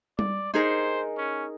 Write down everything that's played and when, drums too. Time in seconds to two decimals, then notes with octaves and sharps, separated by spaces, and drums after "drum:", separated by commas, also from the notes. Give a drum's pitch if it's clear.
0.19 D5, drum: tom G3
0.54 D#4 G#4 A#4 C5
1.18 C#4